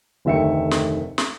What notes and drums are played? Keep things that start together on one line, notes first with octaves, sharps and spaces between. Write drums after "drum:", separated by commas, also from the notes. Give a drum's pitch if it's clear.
F1 D2 D#3 E5 G5 C#7
drum: snare
drum: snare